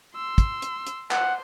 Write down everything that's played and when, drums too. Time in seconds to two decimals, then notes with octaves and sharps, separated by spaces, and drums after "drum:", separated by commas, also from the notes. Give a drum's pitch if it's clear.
0.16 C6 E6
0.38 drum: kick, hi-hat
0.62 drum: hi-hat
0.87 drum: hi-hat
1.11 C5 F#5, drum: clap